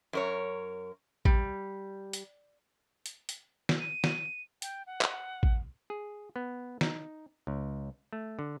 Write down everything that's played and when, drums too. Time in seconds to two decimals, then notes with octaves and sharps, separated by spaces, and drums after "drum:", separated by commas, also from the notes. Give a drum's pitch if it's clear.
0.13 F#2 A#4 C#5
1.25 G3, drum: kick A1
2.13 drum: hi-hat
3.06 drum: hi-hat
3.29 drum: hi-hat
3.69 drum: snare
3.80 D#7
4.04 drum: snare
4.62 G5, drum: hi-hat
4.87 F#5
5.01 drum: clap
5.43 drum: kick A1
5.90 G#4
6.36 B3
6.81 D#4, drum: snare
7.47 C#2
8.13 A3
8.39 D3